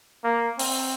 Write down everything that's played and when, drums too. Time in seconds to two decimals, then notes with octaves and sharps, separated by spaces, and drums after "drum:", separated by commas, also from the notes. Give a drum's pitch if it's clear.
0.24 A#3
0.59 C4, drum: open hi-hat